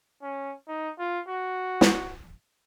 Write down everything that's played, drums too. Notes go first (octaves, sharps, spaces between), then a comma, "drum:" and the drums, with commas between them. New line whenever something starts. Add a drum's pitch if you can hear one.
C#4
D#4
F4
F#4
drum: snare